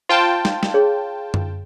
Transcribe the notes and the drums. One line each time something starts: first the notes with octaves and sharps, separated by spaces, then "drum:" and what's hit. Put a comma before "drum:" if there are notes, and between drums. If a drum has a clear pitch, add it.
F4 C5 G5 A5
drum: snare
drum: snare
G#4 C#5
drum: tom F#2